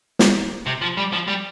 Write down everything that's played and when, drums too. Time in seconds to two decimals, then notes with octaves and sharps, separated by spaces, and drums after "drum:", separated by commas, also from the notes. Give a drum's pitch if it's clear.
0.19 drum: snare
0.66 C3
0.81 F3
0.97 G3
1.13 F3
1.28 G3